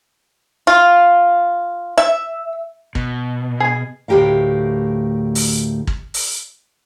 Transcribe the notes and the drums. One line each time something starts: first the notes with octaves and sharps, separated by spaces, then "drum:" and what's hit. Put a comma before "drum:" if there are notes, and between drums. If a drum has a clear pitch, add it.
F4
E5
B2, drum: kick
G#4 G#5
D2 A2 F3 G4 A#4 F5
drum: open hi-hat
drum: kick
drum: open hi-hat